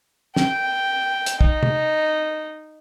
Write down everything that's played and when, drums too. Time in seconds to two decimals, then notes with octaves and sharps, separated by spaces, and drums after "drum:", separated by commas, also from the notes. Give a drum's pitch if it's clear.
0.36 G5, drum: snare
1.26 drum: hi-hat
1.41 D#4, drum: kick
1.63 drum: tom